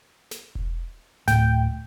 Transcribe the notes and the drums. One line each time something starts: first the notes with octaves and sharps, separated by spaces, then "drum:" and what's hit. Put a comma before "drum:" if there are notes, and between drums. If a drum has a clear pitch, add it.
drum: snare
drum: kick E1
D1 A2 G5, drum: snare